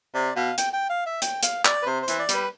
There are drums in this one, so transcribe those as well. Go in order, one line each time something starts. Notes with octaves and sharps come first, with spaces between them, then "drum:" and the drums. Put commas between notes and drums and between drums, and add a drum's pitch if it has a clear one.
C3 D5
B2 F5
G5, drum: hi-hat
G5
F5
E5
G5, drum: hi-hat
F5, drum: hi-hat
D5, drum: clap
B4
C3 C5
C5
E3, drum: hi-hat
D5
G3, drum: hi-hat
B4